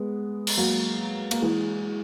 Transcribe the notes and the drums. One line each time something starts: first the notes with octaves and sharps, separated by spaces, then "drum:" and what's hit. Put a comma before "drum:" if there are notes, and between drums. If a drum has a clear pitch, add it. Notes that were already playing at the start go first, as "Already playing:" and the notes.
Already playing: G#3 B3
drum: cymbal
F#3 A#3
A#3, drum: cymbal
E3 G#3